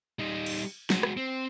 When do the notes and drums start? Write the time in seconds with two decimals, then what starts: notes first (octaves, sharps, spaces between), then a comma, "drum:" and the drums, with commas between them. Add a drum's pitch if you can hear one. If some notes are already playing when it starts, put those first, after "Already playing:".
0.19 G3 D#4
0.46 drum: cymbal
0.90 G#3 F#4, drum: snare
1.03 drum: rim click
1.17 C4